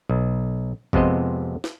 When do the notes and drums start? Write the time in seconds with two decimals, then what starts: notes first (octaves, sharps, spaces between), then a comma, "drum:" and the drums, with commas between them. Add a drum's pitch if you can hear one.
0.09 B1
0.93 F2 C3 G#3 B3 C5 D#5, drum: kick G#1
1.64 drum: snare